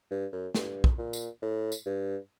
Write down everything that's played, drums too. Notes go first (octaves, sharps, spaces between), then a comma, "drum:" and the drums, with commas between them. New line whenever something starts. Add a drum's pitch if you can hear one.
G2
F#2
G2, drum: snare
drum: kick
A#2
drum: tambourine
A2
drum: tambourine
G2